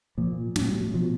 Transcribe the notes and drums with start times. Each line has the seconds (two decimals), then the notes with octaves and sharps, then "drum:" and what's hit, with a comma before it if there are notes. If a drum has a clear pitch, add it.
0.18 A#2 F3
0.56 A2 F#3, drum: snare
0.68 G3
0.81 F#3
0.94 B2 F3